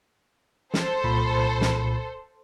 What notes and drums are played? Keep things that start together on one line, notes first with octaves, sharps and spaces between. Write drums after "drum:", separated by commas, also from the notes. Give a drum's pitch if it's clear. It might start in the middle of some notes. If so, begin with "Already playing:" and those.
A4 C5, drum: snare
C2 A#2 B5
drum: snare